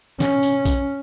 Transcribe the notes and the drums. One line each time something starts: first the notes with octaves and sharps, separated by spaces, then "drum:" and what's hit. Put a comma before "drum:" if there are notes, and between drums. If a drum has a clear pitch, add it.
C#4, drum: snare
drum: tambourine
drum: kick B1, tambourine